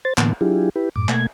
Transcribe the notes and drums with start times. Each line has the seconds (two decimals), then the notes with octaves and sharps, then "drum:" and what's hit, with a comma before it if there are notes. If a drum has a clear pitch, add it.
0.05 C5 A6
0.18 A2 D3 E3 A#3 B3, drum: clap
0.41 F#3 D4 E4 F4 G4 G#4
0.76 E4 G4 B4
0.96 F#2 A2 D6
1.09 B2 A3 A#3 G#6, drum: clap